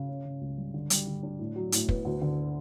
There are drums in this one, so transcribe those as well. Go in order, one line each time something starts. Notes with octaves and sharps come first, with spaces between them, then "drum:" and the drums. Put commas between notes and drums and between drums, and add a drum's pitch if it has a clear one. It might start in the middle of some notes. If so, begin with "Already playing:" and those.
Already playing: C#3
C#4
C#3
C#2
G3
D3
G3, drum: hi-hat
D3
D4
A2
F#3
A2, drum: hi-hat
B3, drum: kick
D2
D3